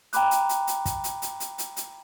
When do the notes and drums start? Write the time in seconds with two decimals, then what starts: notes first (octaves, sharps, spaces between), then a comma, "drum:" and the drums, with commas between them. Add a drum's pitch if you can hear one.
0.13 G5 A#5 B5 D6 F#6, drum: hi-hat
0.31 drum: hi-hat
0.49 drum: hi-hat
0.67 drum: hi-hat
0.86 drum: kick, hi-hat
1.04 drum: hi-hat
1.22 drum: hi-hat
1.40 drum: hi-hat
1.58 drum: hi-hat
1.77 drum: hi-hat